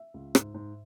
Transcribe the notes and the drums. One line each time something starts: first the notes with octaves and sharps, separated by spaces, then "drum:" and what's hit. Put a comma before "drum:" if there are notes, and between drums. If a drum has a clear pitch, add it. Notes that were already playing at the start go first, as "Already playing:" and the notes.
Already playing: E5
C#2
G#2, drum: rim click
G#2